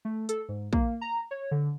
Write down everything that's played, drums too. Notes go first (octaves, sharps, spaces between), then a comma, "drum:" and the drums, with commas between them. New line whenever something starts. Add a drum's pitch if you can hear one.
A3
A4, drum: hi-hat
G#2
A#3, drum: kick
A#5
C#5
D3